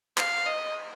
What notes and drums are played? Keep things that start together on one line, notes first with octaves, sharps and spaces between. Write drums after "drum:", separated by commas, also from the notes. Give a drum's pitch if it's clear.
F5, drum: clap
D#5